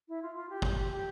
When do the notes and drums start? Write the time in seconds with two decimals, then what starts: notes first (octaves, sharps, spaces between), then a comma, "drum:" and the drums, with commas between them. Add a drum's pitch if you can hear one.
0.09 E4
0.22 F4
0.36 F4
0.50 G4
0.62 drum: kick
0.91 G4